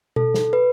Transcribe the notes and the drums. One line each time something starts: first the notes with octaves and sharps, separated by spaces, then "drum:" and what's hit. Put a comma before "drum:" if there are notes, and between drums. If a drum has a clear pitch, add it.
A4, drum: tom B2
drum: snare
B4